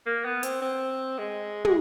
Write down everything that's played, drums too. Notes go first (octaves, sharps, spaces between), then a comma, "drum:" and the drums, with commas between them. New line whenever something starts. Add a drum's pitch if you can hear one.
A#3
B3
C4, drum: hi-hat
C4
G#3
G#3, drum: tom